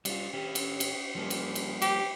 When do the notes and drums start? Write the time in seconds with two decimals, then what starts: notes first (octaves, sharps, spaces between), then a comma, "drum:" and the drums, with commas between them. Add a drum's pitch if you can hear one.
0.05 G3 F4, drum: cymbal
0.33 C#4 G4
0.55 drum: cymbal
0.80 drum: cymbal
1.15 F3 G3 A#3
1.30 drum: cymbal
1.55 drum: cymbal
1.82 G4, drum: cymbal